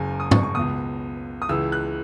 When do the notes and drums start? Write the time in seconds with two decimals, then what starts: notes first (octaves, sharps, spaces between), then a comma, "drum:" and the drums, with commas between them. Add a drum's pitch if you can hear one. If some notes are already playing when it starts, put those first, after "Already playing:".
Already playing: F#1 F#2 C#3 G#5
0.20 D#6
0.31 C#6, drum: tom G#2
0.43 C#6
0.55 C#2 B2 D#6
1.42 D#6
1.49 C#2 C#3 E3 E6
1.72 F#6